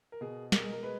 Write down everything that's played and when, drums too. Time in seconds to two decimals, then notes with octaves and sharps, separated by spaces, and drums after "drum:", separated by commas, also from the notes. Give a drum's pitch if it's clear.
0.12 A#4
0.21 B2 G#4
0.52 G#3 A#4, drum: snare
0.62 G#4
0.73 A#4
0.83 G#3 B4